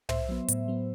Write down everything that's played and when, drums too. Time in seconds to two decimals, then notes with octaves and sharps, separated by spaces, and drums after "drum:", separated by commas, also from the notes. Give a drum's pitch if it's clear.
0.09 A2 C5 E5, drum: tom
0.29 F#3 B3
0.48 A2, drum: hi-hat
0.68 F#3 B3